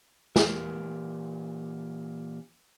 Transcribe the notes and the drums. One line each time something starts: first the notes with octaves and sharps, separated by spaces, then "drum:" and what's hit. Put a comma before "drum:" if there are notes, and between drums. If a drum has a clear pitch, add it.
A#2 E3 G4 A#4, drum: snare